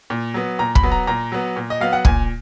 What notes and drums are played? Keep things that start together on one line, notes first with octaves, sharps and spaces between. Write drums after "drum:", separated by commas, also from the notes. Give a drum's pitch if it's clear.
A#2
F#3 B3
A#2 A#5
B5, drum: kick
F#3 B3
A#5
A#2 A#5
F#3 B3
A#2
D#5
F#3 B3 F5
F#5
A#2 G#5, drum: kick